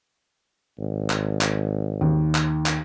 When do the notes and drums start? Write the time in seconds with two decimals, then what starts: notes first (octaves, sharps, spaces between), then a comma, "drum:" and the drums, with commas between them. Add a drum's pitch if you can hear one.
0.79 G#1
1.10 drum: clap
1.41 drum: clap
2.01 D#2
2.35 drum: clap
2.66 drum: clap